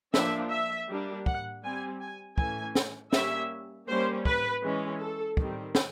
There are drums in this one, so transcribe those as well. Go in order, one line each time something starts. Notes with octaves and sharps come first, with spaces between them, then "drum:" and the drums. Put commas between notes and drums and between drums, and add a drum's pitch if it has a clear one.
F3 A#3 D4 E5, drum: snare
E5
G3 A#3 D4
F#5, drum: kick
G3 C4 G#5
G#5
E3 A3 C#4 G#5, drum: kick
drum: snare
G3 A#3 C#4 E5, drum: snare
G3 A#3 C#4 C5
B4, drum: kick
E3 G#3 C#4
A4
D#3 G3 C4, drum: kick
drum: snare